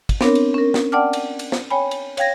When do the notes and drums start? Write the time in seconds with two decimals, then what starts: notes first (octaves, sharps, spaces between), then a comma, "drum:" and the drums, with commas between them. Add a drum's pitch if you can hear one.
0.09 drum: kick, cymbal
0.21 B3 C4 D4 A#4 C#5, drum: snare
0.35 drum: cymbal
0.54 C#4 A#4
0.74 drum: snare
0.92 D5 F#5 G5 A5 D6 F6
1.13 drum: cymbal
1.39 drum: cymbal
1.52 drum: snare
1.70 C#5 G5 G#5 B5
1.91 drum: cymbal
2.17 C#5 F5 G5 G#6 A#6, drum: cymbal